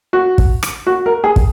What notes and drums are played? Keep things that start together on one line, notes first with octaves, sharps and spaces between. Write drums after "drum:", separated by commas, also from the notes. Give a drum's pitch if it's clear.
F#4
drum: kick
drum: rim click
F#4
A#4
G#4
drum: kick